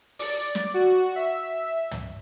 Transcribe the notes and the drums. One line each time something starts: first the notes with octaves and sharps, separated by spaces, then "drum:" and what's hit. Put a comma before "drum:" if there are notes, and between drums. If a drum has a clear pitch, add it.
D5, drum: open hi-hat
drum: snare
F#4
E5
drum: tom